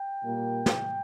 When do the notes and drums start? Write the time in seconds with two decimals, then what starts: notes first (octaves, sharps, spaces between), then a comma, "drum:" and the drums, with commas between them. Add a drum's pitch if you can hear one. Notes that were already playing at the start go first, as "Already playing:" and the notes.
Already playing: G5
0.22 A#2 G3 A#3
0.66 drum: snare